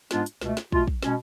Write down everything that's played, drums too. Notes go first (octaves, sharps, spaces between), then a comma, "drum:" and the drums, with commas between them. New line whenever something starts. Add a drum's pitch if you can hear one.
G#2 G#3 B3 D4 F4, drum: snare
drum: hi-hat
C#2 B2 A3, drum: snare
drum: snare
B2 A3 F4, drum: kick
drum: kick
B2 G#3 C#4, drum: snare